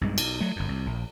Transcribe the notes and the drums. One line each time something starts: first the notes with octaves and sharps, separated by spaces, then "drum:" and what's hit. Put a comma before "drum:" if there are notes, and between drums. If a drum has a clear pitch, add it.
B1 G2 G#3
B1, drum: cymbal
F#3 A3
G1 F#2
C2
A#1